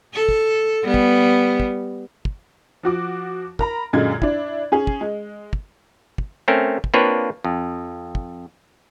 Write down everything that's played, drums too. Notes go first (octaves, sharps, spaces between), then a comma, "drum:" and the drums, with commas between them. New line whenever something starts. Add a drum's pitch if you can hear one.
A4
drum: kick
G3 B3
drum: kick
drum: kick
drum: kick
F3 F#4 D6
A#4 A#5 B5, drum: kick
F#2 A#2 D3 G#3 G#6
D4 E4, drum: kick
C#4 G#4
drum: kick
G#3
drum: kick
drum: kick
A3 C4 C#4 A#4
drum: kick
A#3 C4 D4 F4 B4 C#5
F2
drum: kick